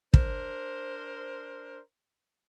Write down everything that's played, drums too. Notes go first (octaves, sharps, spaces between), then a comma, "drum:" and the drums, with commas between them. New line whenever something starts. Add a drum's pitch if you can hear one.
D4 A#4 C5, drum: kick